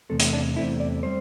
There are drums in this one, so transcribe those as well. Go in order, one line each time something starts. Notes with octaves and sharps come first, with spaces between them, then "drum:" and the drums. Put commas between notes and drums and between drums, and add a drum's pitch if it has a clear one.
E2 C3 A3 C4 A4
drum: hi-hat
D4
E2 C3 A3 C4 E4
D5
G3 C4 C5